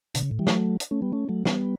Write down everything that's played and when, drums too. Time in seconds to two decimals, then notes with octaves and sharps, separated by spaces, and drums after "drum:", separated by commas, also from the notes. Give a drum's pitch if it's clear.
0.15 B2 D3, drum: hi-hat
0.23 C#3
0.31 A2
0.39 E3 G3
0.47 F#3 A3, drum: snare
0.80 drum: hi-hat
0.91 A3 C#4
1.02 G3 B3
1.12 A3 C#4
1.29 F#3 A3
1.45 G3 B3, drum: snare